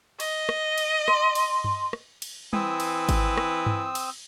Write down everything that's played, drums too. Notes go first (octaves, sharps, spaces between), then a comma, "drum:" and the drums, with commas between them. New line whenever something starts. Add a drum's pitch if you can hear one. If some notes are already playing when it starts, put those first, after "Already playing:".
D#5, drum: cymbal
drum: rim click
drum: cymbal
C6, drum: rim click
drum: cymbal
drum: tom G2
drum: rim click
drum: cymbal
E3 C4 D#6 E6, drum: tom G3
drum: cymbal
drum: kick G#1, cymbal
drum: rim click
drum: tom G2
drum: cymbal